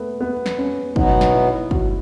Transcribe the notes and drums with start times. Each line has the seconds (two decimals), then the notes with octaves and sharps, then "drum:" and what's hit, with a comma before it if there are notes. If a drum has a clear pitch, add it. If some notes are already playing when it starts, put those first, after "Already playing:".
Already playing: A3 B3
0.20 B3
0.46 drum: snare
0.58 C#4
0.96 B2 F#3 B3 D#4, drum: kick
1.21 drum: snare
1.34 E4
1.71 F#4, drum: kick